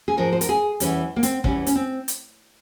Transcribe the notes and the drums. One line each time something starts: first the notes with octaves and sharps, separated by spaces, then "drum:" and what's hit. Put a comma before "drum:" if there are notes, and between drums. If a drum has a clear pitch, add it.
G#4
G#2 F3 A#4
C5
A#4, drum: hi-hat
G#4
E2 E3 G3 C#4, drum: hi-hat
A#3
C4, drum: hi-hat
E2 E3 G3 C#4, drum: kick
C#4, drum: hi-hat
C4
drum: hi-hat